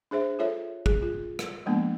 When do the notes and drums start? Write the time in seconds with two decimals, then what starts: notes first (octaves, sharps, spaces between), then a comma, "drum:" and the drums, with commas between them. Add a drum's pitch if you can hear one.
0.11 D4 G#4 C5 E5
0.39 F4 A4 C#5 E5
0.86 G#4, drum: kick
1.02 F4
1.39 drum: rim click
1.66 F3 G#3 A#3 B3 D4